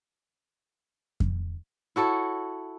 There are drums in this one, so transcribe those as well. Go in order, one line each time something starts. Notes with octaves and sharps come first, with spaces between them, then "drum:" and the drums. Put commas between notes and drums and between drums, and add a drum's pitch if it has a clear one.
drum: kick F2
E4 F#4 A4 C#5